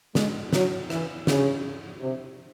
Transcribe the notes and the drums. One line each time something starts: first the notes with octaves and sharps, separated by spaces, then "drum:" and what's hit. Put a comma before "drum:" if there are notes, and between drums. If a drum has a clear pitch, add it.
G#3, drum: snare
F#3, drum: snare
E3, drum: rim click
C#3, drum: snare
C3